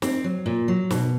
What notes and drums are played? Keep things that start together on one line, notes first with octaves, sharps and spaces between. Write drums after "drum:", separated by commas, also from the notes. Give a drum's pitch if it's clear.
C4, drum: snare
F#3
A#2
F#3
B2, drum: snare